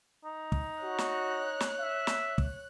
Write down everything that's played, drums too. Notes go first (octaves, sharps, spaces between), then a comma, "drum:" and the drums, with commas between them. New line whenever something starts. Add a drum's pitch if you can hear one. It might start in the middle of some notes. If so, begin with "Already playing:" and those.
D#4
drum: kick
F#4 C#5 F#6
drum: snare
drum: snare
E5
drum: snare
drum: kick